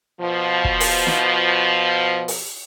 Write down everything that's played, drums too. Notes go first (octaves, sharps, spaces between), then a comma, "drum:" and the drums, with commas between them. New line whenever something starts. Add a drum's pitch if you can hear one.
B2 F3
drum: kick
drum: open hi-hat
drum: snare
drum: open hi-hat